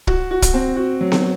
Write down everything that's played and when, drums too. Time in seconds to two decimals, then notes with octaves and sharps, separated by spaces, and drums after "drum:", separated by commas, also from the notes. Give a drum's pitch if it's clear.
0.07 F#4, drum: kick
0.31 F#4
0.42 drum: kick, hi-hat
0.54 C4
0.76 F#4
1.01 F#3
1.12 drum: snare B3